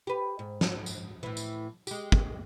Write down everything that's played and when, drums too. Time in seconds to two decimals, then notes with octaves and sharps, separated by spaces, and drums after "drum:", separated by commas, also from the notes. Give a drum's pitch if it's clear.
0.07 G4 B4
0.39 G#2
0.61 drum: snare
0.86 drum: tambourine
1.23 A2 E3
1.37 drum: tambourine
1.87 G#3 G4, drum: tambourine
2.12 drum: kick